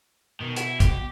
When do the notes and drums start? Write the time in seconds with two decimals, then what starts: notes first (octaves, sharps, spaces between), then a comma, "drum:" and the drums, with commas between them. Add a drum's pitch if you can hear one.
0.40 B2 D#3
0.56 E4, drum: hi-hat
0.80 G4, drum: kick, hi-hat